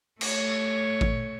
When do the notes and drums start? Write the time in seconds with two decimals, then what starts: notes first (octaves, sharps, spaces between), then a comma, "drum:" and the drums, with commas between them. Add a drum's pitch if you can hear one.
0.21 A3 C#5, drum: cymbal
1.01 drum: kick A1